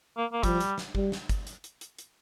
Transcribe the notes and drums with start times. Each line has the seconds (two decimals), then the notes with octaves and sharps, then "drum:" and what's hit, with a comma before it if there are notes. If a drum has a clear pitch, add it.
0.17 A#3
0.33 A#3
0.43 F3 G3, drum: kick G1, hi-hat
0.60 drum: hi-hat
0.78 drum: snare
0.95 G3, drum: kick G1
1.12 drum: snare
1.29 drum: kick G1, hi-hat
1.47 drum: hi-hat
1.64 drum: hi-hat
1.81 drum: hi-hat
1.98 drum: hi-hat